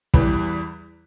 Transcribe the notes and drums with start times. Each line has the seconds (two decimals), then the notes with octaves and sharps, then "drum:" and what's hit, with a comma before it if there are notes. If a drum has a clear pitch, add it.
0.14 E2 E3 G3 B4, drum: kick